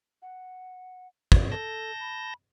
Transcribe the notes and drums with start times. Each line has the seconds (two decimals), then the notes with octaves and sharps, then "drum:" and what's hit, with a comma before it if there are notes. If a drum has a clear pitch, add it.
0.22 F#5
1.32 drum: kick
1.52 A4 A5 G6 A#6
2.00 B5